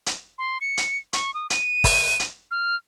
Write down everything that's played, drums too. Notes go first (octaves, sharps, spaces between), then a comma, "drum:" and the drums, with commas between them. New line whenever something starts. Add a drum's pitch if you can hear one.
drum: hi-hat
C6
C#7
drum: hi-hat
C#6, drum: hi-hat
D#6
D#7, drum: hi-hat
drum: kick, open hi-hat
drum: hi-hat
F6